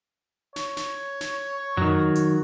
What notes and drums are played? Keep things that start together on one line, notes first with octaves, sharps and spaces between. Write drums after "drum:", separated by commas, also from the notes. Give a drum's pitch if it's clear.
C#5, drum: snare
drum: snare
drum: snare
D#3 F#3, drum: tom F2
drum: hi-hat